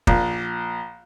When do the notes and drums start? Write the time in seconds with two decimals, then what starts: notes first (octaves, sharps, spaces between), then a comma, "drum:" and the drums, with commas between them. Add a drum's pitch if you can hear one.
0.07 A#1, drum: kick